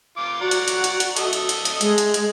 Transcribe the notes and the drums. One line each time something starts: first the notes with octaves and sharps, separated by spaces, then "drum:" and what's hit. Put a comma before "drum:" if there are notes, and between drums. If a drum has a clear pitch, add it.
F4 D6
F#4 D5 F#5 A#5
drum: hi-hat
drum: hi-hat
drum: hi-hat
drum: hi-hat
A4 D#5 E5, drum: hi-hat
drum: hi-hat
drum: hi-hat
drum: hi-hat
G#3, drum: hi-hat
drum: hi-hat
drum: hi-hat